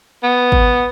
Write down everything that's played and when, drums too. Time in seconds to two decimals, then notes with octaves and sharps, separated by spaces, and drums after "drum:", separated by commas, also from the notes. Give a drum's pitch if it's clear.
0.23 B3
0.52 drum: kick